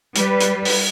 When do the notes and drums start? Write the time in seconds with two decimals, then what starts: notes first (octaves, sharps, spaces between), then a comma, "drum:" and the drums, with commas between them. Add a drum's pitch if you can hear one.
0.15 G3 B4, drum: hi-hat
0.40 drum: hi-hat
0.65 drum: open hi-hat